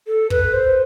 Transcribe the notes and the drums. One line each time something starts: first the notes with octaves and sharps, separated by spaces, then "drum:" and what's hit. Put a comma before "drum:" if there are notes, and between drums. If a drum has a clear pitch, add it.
A4
B4, drum: kick
C5